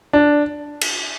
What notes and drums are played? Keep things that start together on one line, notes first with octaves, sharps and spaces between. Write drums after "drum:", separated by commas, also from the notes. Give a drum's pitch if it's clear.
D4
drum: cymbal